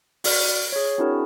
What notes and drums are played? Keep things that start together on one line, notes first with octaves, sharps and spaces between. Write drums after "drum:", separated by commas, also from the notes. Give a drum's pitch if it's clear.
F#4 D5 F6, drum: open hi-hat
G#4 C#5
C4 D4 E4 F#4 G#4 A#4